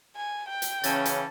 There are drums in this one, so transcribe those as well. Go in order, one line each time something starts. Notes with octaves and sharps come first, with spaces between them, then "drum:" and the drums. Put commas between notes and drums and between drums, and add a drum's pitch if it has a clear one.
G#5
G5
drum: hi-hat
C#3 E3 C#4 A5 A6, drum: hi-hat
drum: hi-hat